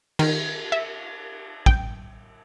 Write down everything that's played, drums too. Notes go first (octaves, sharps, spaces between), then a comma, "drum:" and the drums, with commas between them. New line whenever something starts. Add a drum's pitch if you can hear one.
D#3, drum: cymbal
E5
G5, drum: kick